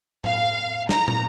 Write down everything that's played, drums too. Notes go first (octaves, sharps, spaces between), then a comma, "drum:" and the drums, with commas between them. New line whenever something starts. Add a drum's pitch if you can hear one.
F5, drum: tom A2
A#5, drum: snare
drum: tom